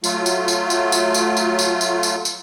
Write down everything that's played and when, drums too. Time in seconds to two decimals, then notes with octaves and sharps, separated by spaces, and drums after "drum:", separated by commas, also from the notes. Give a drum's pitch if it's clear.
0.04 F#3 A3 F4, drum: tambourine
0.26 drum: tambourine
0.48 drum: tambourine
0.70 drum: tambourine
0.92 drum: tambourine
1.14 drum: tambourine
1.37 drum: tambourine
1.59 drum: tambourine
1.81 drum: tambourine
2.03 drum: tambourine
2.25 drum: tambourine